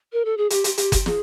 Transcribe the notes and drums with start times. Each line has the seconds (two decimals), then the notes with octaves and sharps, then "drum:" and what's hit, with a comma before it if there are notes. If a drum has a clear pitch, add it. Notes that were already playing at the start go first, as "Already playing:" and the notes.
0.13 A#4
0.25 A4
0.37 G#4
0.50 G4, drum: hi-hat
0.64 drum: hi-hat
0.78 G4, drum: hi-hat
0.92 drum: kick F#1, hi-hat
1.06 G#4, drum: snare